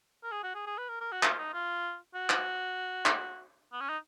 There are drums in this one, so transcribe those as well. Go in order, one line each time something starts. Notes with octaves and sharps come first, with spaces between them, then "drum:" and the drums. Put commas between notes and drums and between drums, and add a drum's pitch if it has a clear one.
A#4
G#4
F#4
G#4
G#4
B4
A#4
A#4
F#4
F4, drum: clap
D#4
F4
F#4
drum: clap
drum: clap
B3
C#4
D#4